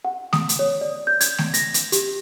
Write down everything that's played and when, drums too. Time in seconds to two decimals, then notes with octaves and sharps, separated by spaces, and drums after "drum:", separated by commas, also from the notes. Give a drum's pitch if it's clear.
0.05 F#5
0.33 D#6, drum: snare A3
0.49 drum: hi-hat
0.59 C#5
0.81 D5
1.07 G6
1.21 G#6, drum: hi-hat
1.38 drum: snare A3
1.54 A#6, drum: hi-hat
1.74 drum: hi-hat
1.92 G4, drum: hi-hat